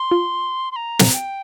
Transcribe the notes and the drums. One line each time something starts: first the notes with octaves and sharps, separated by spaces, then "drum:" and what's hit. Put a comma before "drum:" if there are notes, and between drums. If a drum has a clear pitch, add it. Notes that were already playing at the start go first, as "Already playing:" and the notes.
Already playing: C6
F4
C6
A#5
drum: snare
G5